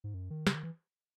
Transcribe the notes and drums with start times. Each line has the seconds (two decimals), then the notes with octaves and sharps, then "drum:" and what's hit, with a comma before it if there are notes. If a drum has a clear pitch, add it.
0.04 G#2
0.14 F#2
0.30 D#3
0.47 C#3, drum: snare
0.55 D#3
0.63 E3